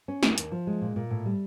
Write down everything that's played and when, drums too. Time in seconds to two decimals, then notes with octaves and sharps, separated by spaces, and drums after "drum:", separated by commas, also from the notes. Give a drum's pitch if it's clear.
0.08 C#4
0.23 D#2, drum: snare
0.38 D#2, drum: hi-hat
0.52 F3
0.67 G#3
0.81 A#2
0.96 A#2
1.10 A2
1.26 G3